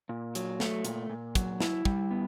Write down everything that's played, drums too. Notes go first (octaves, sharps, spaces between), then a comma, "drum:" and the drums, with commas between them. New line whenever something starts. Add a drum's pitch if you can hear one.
A#2
F#3, drum: hi-hat
A3, drum: snare
A#2, drum: hi-hat
A#2
F#3, drum: kick, hi-hat
E4, drum: snare
G3, drum: kick
B3